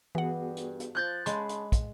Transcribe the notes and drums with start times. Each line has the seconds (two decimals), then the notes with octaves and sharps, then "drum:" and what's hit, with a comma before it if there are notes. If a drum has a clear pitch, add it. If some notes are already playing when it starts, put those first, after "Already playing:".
0.15 G2 E3 B3 F#4 G#4 F#5
0.57 drum: hi-hat
0.80 drum: hi-hat
0.95 F3 F#6 G6 A6
1.26 C#3 G#3 A5 B5 C6, drum: hi-hat
1.49 drum: hi-hat
1.72 drum: kick, hi-hat